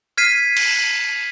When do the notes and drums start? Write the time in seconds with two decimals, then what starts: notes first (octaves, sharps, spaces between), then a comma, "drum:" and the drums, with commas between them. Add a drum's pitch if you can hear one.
0.17 F6 G#6 B6 C7 D#7
0.57 drum: cymbal